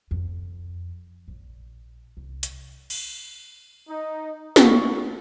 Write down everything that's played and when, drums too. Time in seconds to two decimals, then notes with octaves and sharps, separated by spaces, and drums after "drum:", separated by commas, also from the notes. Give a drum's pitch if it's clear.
0.11 F2
1.28 A#1
2.17 C2
2.43 drum: hi-hat
2.90 drum: cymbal
3.88 D#4
4.56 C#6, drum: snare